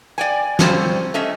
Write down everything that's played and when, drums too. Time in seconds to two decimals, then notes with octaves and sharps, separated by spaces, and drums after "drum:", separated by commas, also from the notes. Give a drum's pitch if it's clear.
0.18 D5 G5 G#5
0.59 G3 C4 C#4 F4 C5, drum: snare
1.14 A3 C#4 D#5 E5